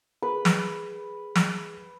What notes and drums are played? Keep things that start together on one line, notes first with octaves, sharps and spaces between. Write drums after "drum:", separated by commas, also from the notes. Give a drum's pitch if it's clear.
G#4 B4
drum: snare
drum: snare